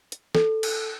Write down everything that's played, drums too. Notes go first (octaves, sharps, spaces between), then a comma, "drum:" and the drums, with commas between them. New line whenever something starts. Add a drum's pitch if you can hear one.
drum: hi-hat
A4, drum: snare
drum: cymbal